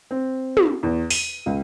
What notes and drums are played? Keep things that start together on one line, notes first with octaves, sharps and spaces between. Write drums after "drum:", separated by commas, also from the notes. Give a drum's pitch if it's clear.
C4
drum: tom
E2
D#7, drum: open hi-hat
C#2